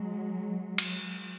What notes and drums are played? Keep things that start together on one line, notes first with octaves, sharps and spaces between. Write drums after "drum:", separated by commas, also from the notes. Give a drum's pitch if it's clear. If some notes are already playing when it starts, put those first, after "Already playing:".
Already playing: F#3 G#3
drum: cymbal